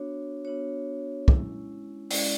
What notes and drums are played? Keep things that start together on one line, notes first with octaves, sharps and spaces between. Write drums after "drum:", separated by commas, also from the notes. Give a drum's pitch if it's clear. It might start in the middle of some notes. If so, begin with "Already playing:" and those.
Already playing: B3 D4 F#4 C#5
B3 D4 F#4 C#5
G#3 C#4 E4, drum: kick
G#3 C#4 E4 D5, drum: open hi-hat